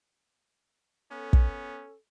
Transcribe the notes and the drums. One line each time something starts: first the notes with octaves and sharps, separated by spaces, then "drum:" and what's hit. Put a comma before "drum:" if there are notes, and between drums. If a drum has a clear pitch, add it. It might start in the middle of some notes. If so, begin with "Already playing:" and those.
B3 C#4 A4
drum: kick